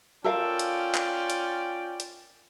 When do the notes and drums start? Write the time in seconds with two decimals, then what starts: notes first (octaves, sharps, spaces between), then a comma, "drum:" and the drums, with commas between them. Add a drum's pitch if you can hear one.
0.24 C#4 F4 A4 A#4 D5 F5 G5
0.59 drum: hi-hat
0.95 drum: clap
1.30 drum: hi-hat
2.00 drum: hi-hat